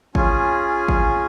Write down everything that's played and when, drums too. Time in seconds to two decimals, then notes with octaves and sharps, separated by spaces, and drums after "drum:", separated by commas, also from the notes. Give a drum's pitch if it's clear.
0.15 C#4 F4 G#4 G#5, drum: kick G#1
0.88 drum: kick G#1